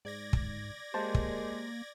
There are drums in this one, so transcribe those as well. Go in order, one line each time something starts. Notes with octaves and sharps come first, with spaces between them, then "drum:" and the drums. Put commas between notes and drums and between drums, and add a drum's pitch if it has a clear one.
G#2 D5 G#6 A#6
drum: kick
G#3 A#3 G4 C5 A5
drum: kick